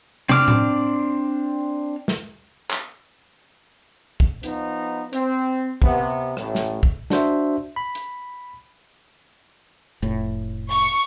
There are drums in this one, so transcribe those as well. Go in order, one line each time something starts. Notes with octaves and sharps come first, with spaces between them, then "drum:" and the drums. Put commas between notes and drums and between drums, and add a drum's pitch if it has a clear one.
C4 D4 D6 F6, drum: tom
drum: tom A2
drum: snare
drum: clap
drum: kick
F3 B3 D#4, drum: hi-hat
C4, drum: hi-hat
C3 B3, drum: kick
A1 A2, drum: rim click
drum: snare
drum: kick
D4 F#4 C5 E5, drum: snare
B5
drum: hi-hat
F1 A2
C#6, drum: open hi-hat